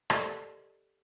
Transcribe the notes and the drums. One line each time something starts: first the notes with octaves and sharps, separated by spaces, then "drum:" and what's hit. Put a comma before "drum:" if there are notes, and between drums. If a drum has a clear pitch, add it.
G4 A4 A#4 C5 D5 D#5, drum: rim click